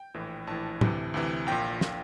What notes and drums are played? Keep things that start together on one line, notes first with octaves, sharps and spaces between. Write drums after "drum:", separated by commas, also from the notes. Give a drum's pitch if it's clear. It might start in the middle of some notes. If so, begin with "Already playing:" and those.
Already playing: G5
A#1 A2 E3
A#1 A2 E3 A5
D2 C3 E3, drum: tom
D2 C3 E3
A#1 A#2 G5
A#2, drum: snare